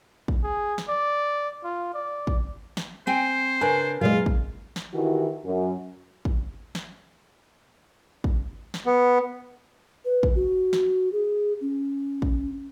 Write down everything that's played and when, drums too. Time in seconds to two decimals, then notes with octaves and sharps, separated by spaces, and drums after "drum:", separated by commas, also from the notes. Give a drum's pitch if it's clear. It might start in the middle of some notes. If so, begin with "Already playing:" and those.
0.28 drum: kick
0.44 G#4
0.78 drum: snare
0.89 D5
1.64 F4
1.94 D5
2.27 drum: kick
2.77 drum: snare
3.07 C4 C5 G5 G#5
3.61 C#3 D4 A#4 B4 G#5
4.01 F#2 A#2 G#3 E4 F4 F5
4.26 drum: kick
4.76 drum: snare
4.94 D#3 E3 E4 F#4 G4
5.44 F#2
6.25 drum: kick
6.75 drum: snare
8.24 drum: kick
8.74 drum: snare
8.86 B3
10.05 B4
10.23 drum: kick
10.35 F#4
10.73 drum: snare
11.12 G#4
11.61 C#4
12.22 drum: kick